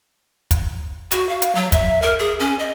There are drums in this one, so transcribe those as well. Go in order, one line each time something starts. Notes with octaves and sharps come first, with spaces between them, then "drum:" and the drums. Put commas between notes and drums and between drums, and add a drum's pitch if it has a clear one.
drum: kick, hi-hat
F#4, drum: hi-hat
F5
drum: hi-hat
F#3
E5, drum: kick, hi-hat
A#4
G#4
C#4
D#5